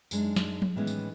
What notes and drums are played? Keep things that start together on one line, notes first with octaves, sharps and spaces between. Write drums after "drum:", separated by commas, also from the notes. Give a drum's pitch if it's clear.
F#2 G#3 D4 D#4, drum: tambourine
drum: snare
drum: tom F3
A2 D#3 E3 G#3 B3 C#4
drum: tambourine